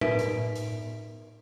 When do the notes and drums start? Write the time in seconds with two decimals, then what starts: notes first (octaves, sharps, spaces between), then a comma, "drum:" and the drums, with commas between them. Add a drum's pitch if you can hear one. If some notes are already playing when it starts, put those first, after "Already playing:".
0.01 D#4 A#4 B4 E5 B6 D7, drum: tom A2
0.19 drum: hi-hat
0.55 drum: hi-hat